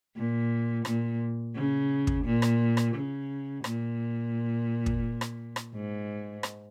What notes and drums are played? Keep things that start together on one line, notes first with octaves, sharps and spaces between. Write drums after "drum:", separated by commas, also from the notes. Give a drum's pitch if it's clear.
A#2
A#2, drum: rim click
C#3
drum: kick
A#2
drum: rim click
drum: rim click
C#3
A#2, drum: rim click
drum: kick
drum: rim click
drum: rim click
G#2
drum: rim click